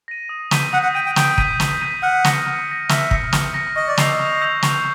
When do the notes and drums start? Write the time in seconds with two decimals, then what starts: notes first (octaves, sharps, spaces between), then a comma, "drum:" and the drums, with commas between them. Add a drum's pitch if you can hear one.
0.08 A#6 D#7
0.29 D#6
0.51 G6 B6 D#7, drum: snare
0.73 F#5 D#6
0.83 F#5
0.94 G5 G6 B6 D#7
1.06 G5
1.16 G5 D#6, drum: snare
1.38 G6 B6 D#7, drum: kick
1.60 D#6, drum: snare
1.81 G6 B6 D#7
2.03 F#5 F6
2.24 A#6 C#7, drum: snare
2.46 F6
2.68 A#6 C#7
2.89 E5 F6, drum: snare
3.11 A#6 C#7, drum: kick
3.33 F6, drum: snare
3.54 A#6 C#7
3.76 D#5 C#6
3.88 D5
3.97 D#5 E6 G6 C7 F7, drum: snare
4.19 C#6
4.41 E6 G6 C7 F7
4.62 C#6, drum: snare